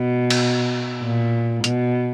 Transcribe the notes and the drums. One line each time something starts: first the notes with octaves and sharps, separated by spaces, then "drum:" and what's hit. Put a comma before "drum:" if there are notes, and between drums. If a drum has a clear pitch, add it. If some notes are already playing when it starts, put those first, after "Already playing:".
Already playing: B2
drum: cymbal
A#2
B2, drum: hi-hat